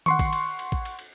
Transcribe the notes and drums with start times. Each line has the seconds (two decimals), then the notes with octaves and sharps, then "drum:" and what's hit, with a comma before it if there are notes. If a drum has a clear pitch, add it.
0.06 F#5 C6 C#6, drum: tom D#3
0.19 drum: kick A1, cymbal
0.33 drum: cymbal
0.59 drum: cymbal
0.72 drum: kick A1
0.85 drum: cymbal
0.99 drum: cymbal